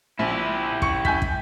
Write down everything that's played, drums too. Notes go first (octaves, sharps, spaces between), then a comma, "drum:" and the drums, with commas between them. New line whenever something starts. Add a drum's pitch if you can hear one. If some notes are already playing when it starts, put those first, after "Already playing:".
A#1 E4 G4
C#6 C#7, drum: kick
G#5 G6 B6, drum: kick
drum: kick